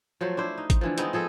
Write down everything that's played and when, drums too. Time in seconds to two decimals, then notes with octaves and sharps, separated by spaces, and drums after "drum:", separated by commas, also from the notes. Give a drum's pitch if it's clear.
0.21 F3 F#3 A3 C5
0.37 D4 E4 C5
0.58 D#4
0.70 drum: kick, hi-hat
0.81 D3 E3 F3
0.98 G#3 B3 C4 D#4, drum: hi-hat
1.13 F3 G#4 A4 D#5